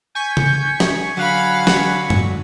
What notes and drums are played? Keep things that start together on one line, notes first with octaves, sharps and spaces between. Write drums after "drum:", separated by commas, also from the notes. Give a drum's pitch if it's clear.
G#5 C#6 G6 B6
drum: tom C#3
drum: snare
D3 F#3 F5 F#5 B5
drum: snare
drum: tom F#2